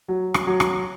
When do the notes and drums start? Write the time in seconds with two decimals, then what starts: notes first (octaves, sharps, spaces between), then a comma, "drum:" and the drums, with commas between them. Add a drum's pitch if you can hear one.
0.08 F#3
0.34 drum: rim click
0.47 F#3
0.60 drum: rim click